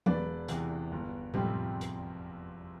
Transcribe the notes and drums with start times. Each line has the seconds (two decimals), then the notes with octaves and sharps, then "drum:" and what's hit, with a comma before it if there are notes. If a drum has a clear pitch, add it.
0.06 E1 B4 D5, drum: tom E3
0.48 E2 C3, drum: hi-hat
0.92 G1
1.34 F2 C3 G3 C4, drum: tom A2
1.81 drum: hi-hat